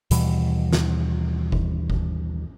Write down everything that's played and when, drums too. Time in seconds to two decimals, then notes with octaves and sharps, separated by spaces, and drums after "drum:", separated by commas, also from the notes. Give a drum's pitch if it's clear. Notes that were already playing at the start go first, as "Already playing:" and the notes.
0.11 D#2 B2 E3 G3, drum: hi-hat
0.73 drum: snare
1.52 drum: kick F#1
1.90 drum: kick F#1